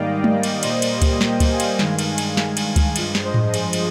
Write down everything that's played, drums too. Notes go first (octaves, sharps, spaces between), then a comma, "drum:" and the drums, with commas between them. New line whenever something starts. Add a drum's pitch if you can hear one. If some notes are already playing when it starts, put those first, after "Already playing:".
Already playing: G#2 D#3 G3 A#3 D5 D#5 F5 G5
drum: tom G#3
drum: cymbal
A#2 G3 A#3 C5 D#5, drum: cymbal
drum: cymbal
C5 D#5
drum: kick C#2, cymbal
D#5 G5, drum: snare
drum: kick C#2, cymbal
F5 G#5
drum: cymbal
G2 D#3 G#3, drum: snare
drum: cymbal
drum: cymbal
drum: snare
drum: cymbal
drum: kick C#2, cymbal
G2 F3 G#3, drum: cymbal
drum: snare
C5 D#5
drum: tom A2
G#4, drum: cymbal
drum: cymbal